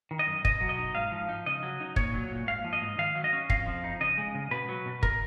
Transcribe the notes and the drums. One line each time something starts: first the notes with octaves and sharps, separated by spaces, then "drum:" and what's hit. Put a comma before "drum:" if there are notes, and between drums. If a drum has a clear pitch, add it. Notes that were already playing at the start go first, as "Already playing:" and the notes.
D#3
D#5
F#2
B2 D#5, drum: kick
F#3
D#5
D#4
G#2 F5
F3
D#4
C#3 D#5
F#3
D#4
A#2 C#5, drum: kick
F#3
A#2
G#2 F5
F3
D#5
G#2
D#3 F5
F#3
D#5
C#4
F2 F5, drum: kick
F3
D#4
C#3 D#5
G#3
C#3
B2 B4
F#3
B2
A#4, drum: kick